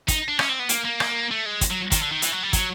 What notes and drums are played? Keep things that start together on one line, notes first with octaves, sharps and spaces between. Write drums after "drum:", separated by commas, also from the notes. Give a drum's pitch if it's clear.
D#4, drum: kick, hi-hat
D4
C#4, drum: rim click
C4
B3
A#3, drum: hi-hat
A#3
drum: rim click
A3
G#3
drum: kick, hi-hat
F#3
D#3, drum: kick, hi-hat
D3
D#3
E3, drum: hi-hat
F#3
G3
F#3, drum: kick, hi-hat